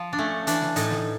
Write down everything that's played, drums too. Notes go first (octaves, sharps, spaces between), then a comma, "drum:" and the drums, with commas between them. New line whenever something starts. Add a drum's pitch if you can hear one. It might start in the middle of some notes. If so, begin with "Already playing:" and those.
Already playing: F3
D4
A3 C#4
E3 D4, drum: hi-hat
drum: snare
A2 D#4, drum: hi-hat
drum: snare